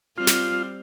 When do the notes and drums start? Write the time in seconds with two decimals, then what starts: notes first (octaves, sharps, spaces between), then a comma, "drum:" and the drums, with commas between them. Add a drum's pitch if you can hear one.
0.18 G3 C4 F4
0.27 drum: snare